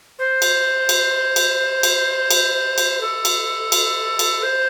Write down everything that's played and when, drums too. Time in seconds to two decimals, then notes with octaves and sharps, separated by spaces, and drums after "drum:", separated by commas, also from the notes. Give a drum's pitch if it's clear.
0.19 C5
0.42 drum: cymbal
0.89 drum: cymbal
1.36 drum: cymbal
1.83 drum: cymbal
2.31 drum: cymbal
2.78 drum: cymbal
3.01 A4
3.25 drum: cymbal
3.72 drum: cymbal
4.19 drum: cymbal
4.43 C5